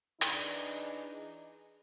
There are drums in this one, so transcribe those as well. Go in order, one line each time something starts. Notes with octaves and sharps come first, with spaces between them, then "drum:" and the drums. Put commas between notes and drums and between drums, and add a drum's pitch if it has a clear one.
E3 D4 D#4 G#4 D#5, drum: hi-hat